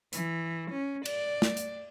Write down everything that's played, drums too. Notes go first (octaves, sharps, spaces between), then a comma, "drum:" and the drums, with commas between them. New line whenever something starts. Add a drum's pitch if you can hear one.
E3, drum: hi-hat
C#4
D5, drum: cymbal
drum: snare
drum: hi-hat